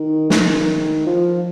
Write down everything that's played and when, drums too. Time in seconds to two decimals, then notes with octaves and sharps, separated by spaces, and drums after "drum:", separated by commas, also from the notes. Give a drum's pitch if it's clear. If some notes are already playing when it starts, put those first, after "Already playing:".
Already playing: D#3
0.30 D#3, drum: snare
1.06 F3